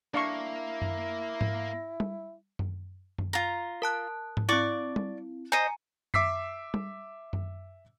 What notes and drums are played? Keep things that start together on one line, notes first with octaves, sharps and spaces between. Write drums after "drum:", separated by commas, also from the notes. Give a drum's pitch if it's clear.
A#3 D4 E4 F5 C#6
drum: tom F#2
drum: tom G#2
drum: tom G3
drum: tom F#2
drum: tom F#2
F4 A#5
A#4 A5 F#6
drum: tom G#2
C4 E4 D5 C#6 D6
drum: tom G3
C5 D#5 G#5 A#5 C#7
E5 D6 E6 B6 C7, drum: tom F#2
drum: tom G3
drum: tom F#2